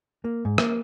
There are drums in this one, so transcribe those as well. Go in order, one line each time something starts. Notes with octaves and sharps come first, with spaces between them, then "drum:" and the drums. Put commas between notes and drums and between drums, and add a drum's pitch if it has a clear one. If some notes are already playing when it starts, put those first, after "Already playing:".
A#3
G#2
A#3, drum: rim click